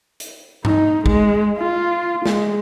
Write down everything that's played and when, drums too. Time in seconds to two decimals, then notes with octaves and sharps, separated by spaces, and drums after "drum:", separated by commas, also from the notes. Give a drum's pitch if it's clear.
0.20 drum: hi-hat
0.65 D#4, drum: tom G2
1.06 G#3, drum: kick
1.58 F4
2.26 G#3, drum: snare